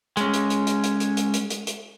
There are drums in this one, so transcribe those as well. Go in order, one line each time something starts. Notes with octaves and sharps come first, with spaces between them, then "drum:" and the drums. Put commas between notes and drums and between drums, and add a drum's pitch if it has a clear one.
G#3 C#4, drum: hi-hat
drum: hi-hat
drum: hi-hat
drum: hi-hat
drum: hi-hat
drum: hi-hat
drum: hi-hat
drum: hi-hat
drum: hi-hat
drum: hi-hat